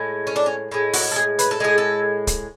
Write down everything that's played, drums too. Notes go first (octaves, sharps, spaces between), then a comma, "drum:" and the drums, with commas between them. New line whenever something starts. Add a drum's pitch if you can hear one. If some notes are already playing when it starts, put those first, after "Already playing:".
Already playing: A2 G#3
C#4
D4
C#4
A2 G#3
F#4, drum: open hi-hat
A4
G#4
B4, drum: hi-hat
A4
A2 G#3 G#4
A4
drum: kick, hi-hat